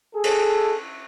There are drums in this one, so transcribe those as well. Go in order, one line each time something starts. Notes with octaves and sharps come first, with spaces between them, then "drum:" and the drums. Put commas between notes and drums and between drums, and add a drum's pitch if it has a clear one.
G#4 A4
drum: cymbal